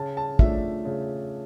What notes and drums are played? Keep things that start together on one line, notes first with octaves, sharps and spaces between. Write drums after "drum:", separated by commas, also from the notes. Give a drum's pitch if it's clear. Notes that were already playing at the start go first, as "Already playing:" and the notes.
Already playing: C#3 A5
A5
F3 A3 D4 E5, drum: kick
C#3